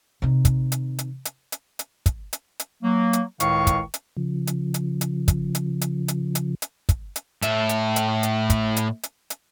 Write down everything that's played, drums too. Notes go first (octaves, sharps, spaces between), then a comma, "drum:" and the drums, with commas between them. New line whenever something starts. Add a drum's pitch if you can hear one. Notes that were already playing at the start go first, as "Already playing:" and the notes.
C3 D#3
drum: kick, hi-hat
drum: hi-hat
drum: hi-hat
drum: hi-hat
drum: hi-hat
drum: hi-hat
drum: kick, hi-hat
drum: hi-hat
drum: hi-hat
F#3 A#3
drum: hi-hat
C#2 A2 D#3 F5 C#6, drum: hi-hat
drum: kick, hi-hat
drum: hi-hat
C#3 F3
drum: hi-hat
drum: hi-hat
drum: hi-hat
drum: kick, hi-hat
drum: hi-hat
drum: hi-hat
drum: hi-hat
drum: hi-hat
drum: hi-hat
drum: kick, hi-hat
drum: hi-hat
A2 E5, drum: hi-hat
drum: hi-hat
drum: hi-hat
drum: hi-hat
drum: kick, hi-hat
drum: hi-hat
drum: hi-hat
drum: hi-hat